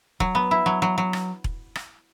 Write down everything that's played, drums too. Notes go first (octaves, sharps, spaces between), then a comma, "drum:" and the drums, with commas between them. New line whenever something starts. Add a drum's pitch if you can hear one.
F#3, drum: kick E1
B3
E4
F#3
F#3
F#3
drum: rim click
drum: kick E1
drum: rim click